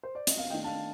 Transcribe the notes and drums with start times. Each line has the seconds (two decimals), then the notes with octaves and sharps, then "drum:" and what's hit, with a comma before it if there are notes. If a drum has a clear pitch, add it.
0.03 C5
0.15 D5
0.27 D#5, drum: hi-hat
0.38 F5
0.50 D#3 A3 D4 D#5 G5
0.64 F5 A5